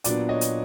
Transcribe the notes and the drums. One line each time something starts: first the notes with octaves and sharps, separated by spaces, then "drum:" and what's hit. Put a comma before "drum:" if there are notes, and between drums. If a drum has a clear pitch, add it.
A#2 F#3 B3 D4 D5, drum: hi-hat
C#5 D#5
drum: hi-hat